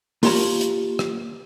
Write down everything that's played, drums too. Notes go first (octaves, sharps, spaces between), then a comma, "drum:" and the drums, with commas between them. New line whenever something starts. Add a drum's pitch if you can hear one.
A#3 F4 G4 C#5 A5 A#5, drum: open hi-hat
drum: hi-hat
drum: rim click